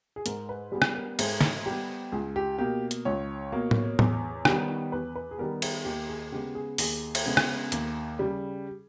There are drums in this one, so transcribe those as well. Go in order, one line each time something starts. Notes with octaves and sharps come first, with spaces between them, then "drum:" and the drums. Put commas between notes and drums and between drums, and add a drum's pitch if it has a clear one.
G#4
G#2 A#4, drum: hi-hat
B4
G3 B3 G#4
drum: rim click
A#4
G#2 G#4, drum: cymbal
drum: snare
G3 B3 G4
C#2 G#4
G4
B2 A#3 G4
drum: hi-hat
C#2 C#5
B2 A#3
drum: tom A2
E2, drum: tom A2
D#3 G3 B3, drum: rim click
E2 B4
B4
G#4
D#3 G3 B3 A#4
G#4, drum: cymbal
D#2 G4
G#4
C#3 G#3 B3 G4
G#4
D#2 G#4, drum: open hi-hat
drum: cymbal
C#3 G#3 B3
drum: rim click
D#2, drum: hi-hat
C#3 G3